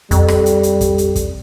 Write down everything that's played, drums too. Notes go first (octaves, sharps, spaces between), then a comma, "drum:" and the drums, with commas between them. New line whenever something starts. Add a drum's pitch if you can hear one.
F2 G3, drum: kick, hi-hat
drum: rim click
drum: hi-hat
drum: hi-hat
drum: kick, hi-hat
drum: hi-hat
drum: kick, hi-hat